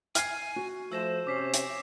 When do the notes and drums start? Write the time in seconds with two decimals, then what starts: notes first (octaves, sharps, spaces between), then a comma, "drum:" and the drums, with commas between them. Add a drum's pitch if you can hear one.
0.15 G#5 F6 G#6 C7, drum: hi-hat
0.56 F#4
0.92 F3 A3 C5 E6 A#6 E7
1.27 C3 C#4 D6 B6 C7
1.54 drum: hi-hat